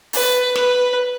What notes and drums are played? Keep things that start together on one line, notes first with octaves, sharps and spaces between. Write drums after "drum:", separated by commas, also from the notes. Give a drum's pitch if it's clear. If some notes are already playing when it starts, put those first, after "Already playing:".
B4, drum: open hi-hat
B4, drum: snare